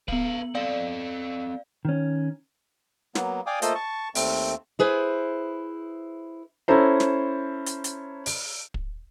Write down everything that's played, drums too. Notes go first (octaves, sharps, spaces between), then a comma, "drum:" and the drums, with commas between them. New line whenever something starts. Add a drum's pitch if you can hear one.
B3 B4 F5 F#7, drum: kick
C4 A4 D5 F5
D#3 C#4
F#3 A#3 B3, drum: snare
D5 F5 G5 G#5 D6 D#6
A3 A#3 F4 A4 C5 D#5, drum: hi-hat
A5 C#6
D#2 A3 C4, drum: open hi-hat
E4 G#4 B4 C5
C#4 E4 A4 C5 A#5
drum: snare
drum: hi-hat
drum: hi-hat
drum: open hi-hat
drum: kick